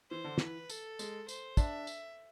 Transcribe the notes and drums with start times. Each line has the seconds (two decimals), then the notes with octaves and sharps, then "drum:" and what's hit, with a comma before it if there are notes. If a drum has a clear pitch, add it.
0.11 E3 C5
0.24 D3
0.38 E3 B4, drum: snare
0.70 A4, drum: tambourine
0.99 G#3, drum: tambourine
1.28 C5, drum: tambourine
1.57 D4 E5, drum: kick, tambourine
1.87 drum: tambourine